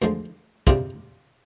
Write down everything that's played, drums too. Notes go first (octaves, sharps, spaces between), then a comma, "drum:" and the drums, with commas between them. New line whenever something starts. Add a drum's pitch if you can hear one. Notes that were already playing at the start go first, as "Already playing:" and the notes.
D2 D3 F3 G#3
C3 G3 D4 F4 G#4, drum: kick